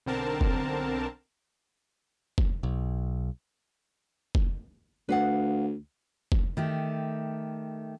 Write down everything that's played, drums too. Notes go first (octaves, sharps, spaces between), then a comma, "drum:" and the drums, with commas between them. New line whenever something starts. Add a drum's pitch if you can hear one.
B1 D3 C4 A#4 A5
drum: kick F1
drum: kick F1
B1
drum: kick F1
D2 B4 F5 F#5
drum: kick F1
D#3 A3 G4